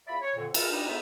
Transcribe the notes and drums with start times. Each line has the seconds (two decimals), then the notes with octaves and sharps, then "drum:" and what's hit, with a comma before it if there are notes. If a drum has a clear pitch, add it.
0.08 E2 F4 D5 E5 B5
0.22 C#5
0.36 F2 A#2 D3
0.54 G#3 A4 A#4, drum: cymbal
0.70 G3 D4 D#4
0.87 G#2 A3 B3 D#4 F4 E5